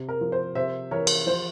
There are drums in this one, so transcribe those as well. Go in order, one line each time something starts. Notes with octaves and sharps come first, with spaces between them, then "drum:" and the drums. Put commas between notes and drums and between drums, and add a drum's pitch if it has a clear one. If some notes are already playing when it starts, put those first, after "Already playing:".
Already playing: C3
A#4
F3
C5
C3 C5 E5
E3 A#4 C#5
drum: cymbal
F3 C5